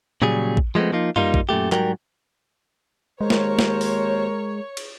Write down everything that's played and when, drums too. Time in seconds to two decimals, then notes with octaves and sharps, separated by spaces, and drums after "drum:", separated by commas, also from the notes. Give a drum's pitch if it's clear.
0.22 A#2 C#3 F#3 G3 G#4
0.57 drum: kick A1
0.75 F3 G#3 A3 B3 C4
0.92 F3 A#3 D#4 F4
1.16 G3 A#3 D#4 F4, drum: tom F#2
1.34 drum: kick A1
1.49 F#2 A#2 A3 G4
1.72 G#2 F#3 G3 F#4 A#4 G5, drum: clap
3.21 D#2 G#3 A#4 C5 C#5
3.30 drum: snare
3.59 drum: snare
3.81 drum: open hi-hat
4.77 drum: cymbal